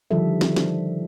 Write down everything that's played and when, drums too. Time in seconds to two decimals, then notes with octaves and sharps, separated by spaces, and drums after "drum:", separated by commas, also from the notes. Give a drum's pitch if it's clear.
0.11 D3 D#3 F3 G3 A4 E5
0.41 drum: snare
0.56 drum: snare